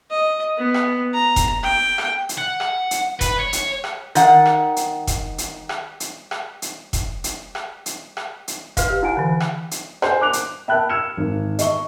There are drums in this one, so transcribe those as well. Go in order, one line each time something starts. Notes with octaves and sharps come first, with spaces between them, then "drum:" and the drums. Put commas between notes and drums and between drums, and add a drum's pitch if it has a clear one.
D#5
B3
drum: rim click
A#5
drum: kick E1, hi-hat
G5
drum: rim click
drum: hi-hat
F#5
drum: rim click
drum: hi-hat
B4, drum: kick E1, hi-hat
C#5
drum: hi-hat
drum: rim click
D#3 F#5, drum: hi-hat
drum: rim click
drum: hi-hat
drum: kick E1, hi-hat
drum: hi-hat
drum: rim click
drum: hi-hat
drum: rim click
drum: hi-hat
drum: kick E1, hi-hat
drum: hi-hat
drum: rim click
drum: hi-hat
drum: rim click
drum: hi-hat
B4 F5, drum: kick E1, hi-hat
G4
E4 F#5 G#5
D3 E3
drum: rim click
drum: hi-hat
C5 G#5, drum: rim click
D6 F#6 F7
drum: hi-hat
E5 G5 A5 B5 F#6
E6 F6 G#6 C#7 E7
G#1
D#5 E5 C#6 G7, drum: hi-hat